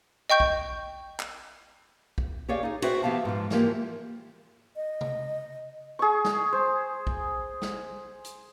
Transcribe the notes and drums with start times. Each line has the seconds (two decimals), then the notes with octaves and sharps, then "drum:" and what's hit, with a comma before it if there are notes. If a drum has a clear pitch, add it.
0.30 D#5 G5 C#6 G6
0.40 drum: kick
1.19 drum: clap
2.18 drum: kick
2.49 G4 G#4 C#5 D5 F5
2.63 D#4 G#4
2.82 F#4 G#4 B4 C5 E5 G5, drum: cymbal
3.03 E3 B3 G4 F5 A5
3.25 G#2 F3
3.50 E3 F3 A#3 G4, drum: snare
4.76 D#5
5.01 drum: tom C3
5.99 G#4 C#6
6.25 drum: snare
6.53 C5
7.07 drum: kick
7.62 drum: snare
8.24 drum: hi-hat